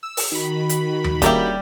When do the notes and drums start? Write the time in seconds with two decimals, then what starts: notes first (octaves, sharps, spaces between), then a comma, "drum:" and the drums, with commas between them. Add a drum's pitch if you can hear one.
0.03 E6
0.17 drum: open hi-hat
0.32 D#3 F#4 B5
0.69 drum: hi-hat
1.04 drum: tom D#2
1.22 C#3 G3 A#3 G4 E5, drum: kick, hi-hat